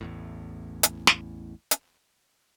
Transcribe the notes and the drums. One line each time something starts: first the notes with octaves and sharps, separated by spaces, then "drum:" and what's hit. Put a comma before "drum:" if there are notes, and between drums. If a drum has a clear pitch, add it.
A1 E2 A2
drum: hi-hat
drum: snare
drum: hi-hat